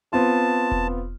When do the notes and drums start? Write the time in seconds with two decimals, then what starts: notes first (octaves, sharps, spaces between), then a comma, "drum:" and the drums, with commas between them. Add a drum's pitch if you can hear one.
0.13 B3 C4 F4 A5
0.71 drum: kick E1